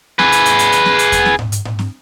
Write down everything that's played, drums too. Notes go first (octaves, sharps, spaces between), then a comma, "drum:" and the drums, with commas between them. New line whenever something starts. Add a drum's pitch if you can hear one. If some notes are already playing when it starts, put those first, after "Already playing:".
G#4 B4, drum: snare C4
drum: hi-hat
drum: hi-hat
drum: hi-hat
drum: hi-hat
drum: snare C4
drum: hi-hat
drum: kick E2, hi-hat
drum: snare C4
drum: tom G#2
drum: hi-hat
drum: tom G#2
drum: snare C4